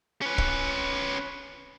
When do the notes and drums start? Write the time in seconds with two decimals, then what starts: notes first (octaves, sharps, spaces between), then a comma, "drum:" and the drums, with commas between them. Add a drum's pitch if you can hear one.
0.22 C#4 B4
0.38 drum: kick